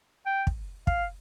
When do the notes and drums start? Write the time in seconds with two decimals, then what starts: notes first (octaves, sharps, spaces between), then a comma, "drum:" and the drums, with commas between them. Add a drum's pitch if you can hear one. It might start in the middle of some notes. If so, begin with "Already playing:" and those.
0.26 G5
0.47 drum: kick
0.87 F5, drum: kick